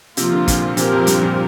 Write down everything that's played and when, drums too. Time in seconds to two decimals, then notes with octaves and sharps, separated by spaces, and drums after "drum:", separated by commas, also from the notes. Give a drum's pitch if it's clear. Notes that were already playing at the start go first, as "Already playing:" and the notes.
0.17 C3 F3 A#3 F4, drum: hi-hat
0.32 D3
0.48 A#2, drum: kick, hi-hat
0.77 A#2 F3 C4 G4 A#4, drum: hi-hat
0.93 F2
1.07 G2, drum: hi-hat
1.23 A#2